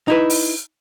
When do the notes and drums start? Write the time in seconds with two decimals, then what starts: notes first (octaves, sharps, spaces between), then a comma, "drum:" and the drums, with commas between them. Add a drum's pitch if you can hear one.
0.08 D#4 E4 B4
0.30 drum: open hi-hat